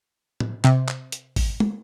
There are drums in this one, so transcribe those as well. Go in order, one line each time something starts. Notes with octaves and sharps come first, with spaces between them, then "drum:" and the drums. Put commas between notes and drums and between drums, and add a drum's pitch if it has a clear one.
drum: tom
C3, drum: clap
drum: clap
drum: hi-hat
drum: kick, open hi-hat
drum: tom